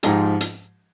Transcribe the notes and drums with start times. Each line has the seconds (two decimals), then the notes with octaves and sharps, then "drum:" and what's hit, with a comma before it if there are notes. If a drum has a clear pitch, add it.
0.03 G#2 F3 G#3 D#4 G4, drum: hi-hat
0.41 drum: hi-hat